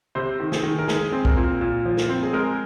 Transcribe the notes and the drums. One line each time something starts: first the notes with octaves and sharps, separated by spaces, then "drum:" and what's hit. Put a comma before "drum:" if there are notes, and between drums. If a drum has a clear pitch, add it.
C3 C5
D#3
G#4, drum: snare
D#3
A#4
G#3 G#4, drum: snare
C4
A#4, drum: kick
A#2
A#2
F3
drum: snare
C4
G#4
G#3 A#4